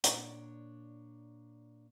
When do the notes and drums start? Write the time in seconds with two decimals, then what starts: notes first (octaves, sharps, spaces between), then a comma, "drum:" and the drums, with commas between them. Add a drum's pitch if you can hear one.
0.04 A#2 D4 C#5, drum: hi-hat